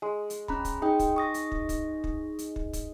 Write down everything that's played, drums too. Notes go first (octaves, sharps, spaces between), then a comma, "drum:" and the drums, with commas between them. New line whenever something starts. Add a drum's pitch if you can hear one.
G#3
drum: hi-hat
C#4 A#5 B5, drum: kick
drum: kick, hi-hat
D#4 G#4 G5
drum: kick, hi-hat
C#6 D#6 A#6
drum: hi-hat
drum: kick
drum: kick, hi-hat
drum: kick
drum: hi-hat
drum: kick
drum: kick, hi-hat